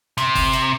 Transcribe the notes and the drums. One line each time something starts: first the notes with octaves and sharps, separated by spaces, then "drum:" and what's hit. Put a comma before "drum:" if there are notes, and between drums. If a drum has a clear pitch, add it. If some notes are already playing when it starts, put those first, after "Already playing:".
C3, drum: hi-hat
drum: kick, open hi-hat
drum: hi-hat